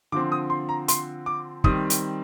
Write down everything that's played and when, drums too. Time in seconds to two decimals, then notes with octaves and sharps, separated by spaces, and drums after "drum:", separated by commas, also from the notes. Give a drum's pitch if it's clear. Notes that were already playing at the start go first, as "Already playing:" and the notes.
0.12 D3 F3 C4 D6
0.32 D#6
0.50 C6
0.69 A#5
0.88 C6, drum: hi-hat
1.26 D6
1.64 D#3 G3 C4 D#6, drum: kick
1.90 drum: hi-hat